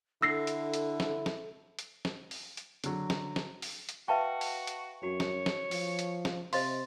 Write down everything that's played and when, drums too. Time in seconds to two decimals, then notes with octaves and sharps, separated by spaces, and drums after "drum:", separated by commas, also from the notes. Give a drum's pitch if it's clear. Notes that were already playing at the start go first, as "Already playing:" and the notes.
0.22 D3 E4 A4 E6 A#6 C7
0.47 drum: hi-hat
0.74 drum: hi-hat
1.00 drum: snare
1.26 drum: snare
1.79 drum: hi-hat
2.05 drum: snare
2.31 drum: open hi-hat
2.57 drum: hi-hat
2.84 D3 F#3, drum: hi-hat
3.10 drum: snare
3.36 drum: snare
3.62 drum: open hi-hat
3.89 drum: hi-hat
4.08 F#4 B4 E5 F5 G5 A5 C#6
4.41 drum: open hi-hat
4.67 drum: hi-hat
5.03 F#2 F#4 C#5
5.20 drum: snare
5.46 drum: snare
5.71 F3, drum: open hi-hat
5.99 drum: hi-hat
6.25 drum: snare
6.53 C3 C5 D#5 F5 C6 A6, drum: open hi-hat